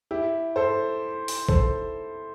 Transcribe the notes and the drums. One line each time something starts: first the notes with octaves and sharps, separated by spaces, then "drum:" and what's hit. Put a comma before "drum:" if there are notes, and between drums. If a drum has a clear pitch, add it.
E4 G4
A4 C5
drum: open hi-hat
A4 C5, drum: kick A#1